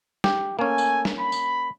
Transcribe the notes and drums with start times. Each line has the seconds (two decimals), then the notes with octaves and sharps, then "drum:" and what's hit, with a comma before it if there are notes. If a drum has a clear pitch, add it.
0.24 G4, drum: snare
0.59 A3 A#3 C#4 G#5
0.78 drum: tambourine
1.05 drum: snare
1.19 B5
1.32 drum: tambourine